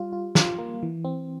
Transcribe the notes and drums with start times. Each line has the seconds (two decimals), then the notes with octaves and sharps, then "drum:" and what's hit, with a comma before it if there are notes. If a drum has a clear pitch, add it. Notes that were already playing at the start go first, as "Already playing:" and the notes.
Already playing: G3 F4
0.13 F4
0.35 F4, drum: snare
0.58 A#3
0.83 E3
1.05 C4